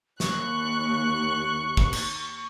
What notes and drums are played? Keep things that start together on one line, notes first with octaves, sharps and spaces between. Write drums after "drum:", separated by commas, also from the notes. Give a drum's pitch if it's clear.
D#2 C#6 F#6, drum: snare
drum: kick
drum: cymbal